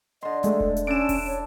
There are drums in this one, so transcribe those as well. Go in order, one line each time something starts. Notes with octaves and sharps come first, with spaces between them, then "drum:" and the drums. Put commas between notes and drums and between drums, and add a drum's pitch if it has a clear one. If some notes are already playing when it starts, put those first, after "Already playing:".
D3 D#5 C6
G#3 A3 A4, drum: hi-hat
drum: kick E1
drum: hi-hat
C#4 D4 E4 A4 D7 E7
drum: kick E1, open hi-hat
C#5